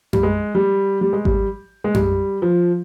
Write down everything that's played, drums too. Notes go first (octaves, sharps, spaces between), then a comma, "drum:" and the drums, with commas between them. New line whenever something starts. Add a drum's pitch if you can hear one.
G3, drum: tom F#2
G#3
G3
G3
G#3
G3, drum: kick G#1
G#3
G3, drum: tom F#2
F3